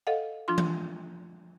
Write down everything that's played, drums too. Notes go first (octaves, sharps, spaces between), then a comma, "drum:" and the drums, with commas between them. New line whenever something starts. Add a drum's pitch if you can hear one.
A4 D#5 F5 F#5
F3 D4 F4 C6
drum: tom E3